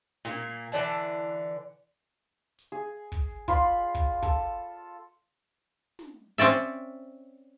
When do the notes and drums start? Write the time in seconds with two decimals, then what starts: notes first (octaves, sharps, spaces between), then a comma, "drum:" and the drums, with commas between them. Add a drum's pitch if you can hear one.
0.25 A#2 A#3, drum: snare
0.72 D3 E3 D5 A5
2.59 drum: hi-hat
2.72 G#4
3.12 drum: kick
3.48 F4 D5 B5 C6, drum: kick
3.95 drum: kick
4.22 A4, drum: kick
5.99 drum: snare
6.38 C4 C#4 D5 E5